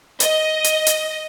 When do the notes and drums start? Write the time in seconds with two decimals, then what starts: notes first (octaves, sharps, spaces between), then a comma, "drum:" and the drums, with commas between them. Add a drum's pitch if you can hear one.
0.20 D#5, drum: hi-hat
0.64 drum: hi-hat
0.87 drum: hi-hat